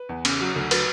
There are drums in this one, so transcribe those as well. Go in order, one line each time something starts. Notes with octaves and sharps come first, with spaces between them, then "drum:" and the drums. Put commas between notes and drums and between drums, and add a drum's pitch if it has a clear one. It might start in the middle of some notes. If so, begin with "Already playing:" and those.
Already playing: B4
E2
C#3, drum: cymbal
F#3
D2
F#3 B4, drum: cymbal